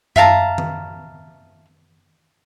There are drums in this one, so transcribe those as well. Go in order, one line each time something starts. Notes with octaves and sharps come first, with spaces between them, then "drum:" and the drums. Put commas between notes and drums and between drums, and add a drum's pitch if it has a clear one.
E5 F5 A5 A#5, drum: tom F#2
drum: tom D#3